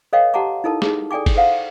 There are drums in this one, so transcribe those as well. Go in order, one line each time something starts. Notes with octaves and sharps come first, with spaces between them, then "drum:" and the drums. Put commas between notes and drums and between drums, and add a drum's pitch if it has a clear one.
A4 B4 C#5 D#5 F5 G5
G4 F#5 A5 A#5 D6
D#4 E4 A4 A#4 A5
D#4 G#4, drum: snare
A4 D5 G5 G#5 D6
drum: kick G1, cymbal
A4 C5 F5 F#5